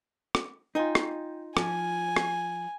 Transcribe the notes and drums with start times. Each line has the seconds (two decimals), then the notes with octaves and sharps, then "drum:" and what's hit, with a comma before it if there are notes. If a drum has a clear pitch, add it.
0.35 drum: rim click
0.75 D#4 F4 D#5 G5 G#5
0.95 drum: rim click
1.57 F3 G#5, drum: rim click
2.16 drum: rim click